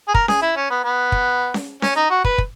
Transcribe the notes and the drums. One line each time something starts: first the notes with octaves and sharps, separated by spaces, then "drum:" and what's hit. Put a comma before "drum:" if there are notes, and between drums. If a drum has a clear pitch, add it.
G#4
A#4, drum: kick
G#4, drum: snare C#4
E4
C#4
B3
B3
drum: kick
drum: snare C#4
C#4, drum: snare C#4
D#4
F#4
B4, drum: kick
drum: kick